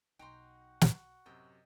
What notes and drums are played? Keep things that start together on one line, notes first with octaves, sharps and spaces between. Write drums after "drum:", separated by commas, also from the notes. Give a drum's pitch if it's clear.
B1 A#3 D#4 F#4 F#5 G5 A#5 C6
drum: snare
A1 F#2 C3 F#3 D#5 G5